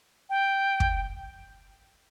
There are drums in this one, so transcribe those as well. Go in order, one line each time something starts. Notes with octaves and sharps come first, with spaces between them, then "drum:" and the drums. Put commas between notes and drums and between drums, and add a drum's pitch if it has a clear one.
G5
drum: kick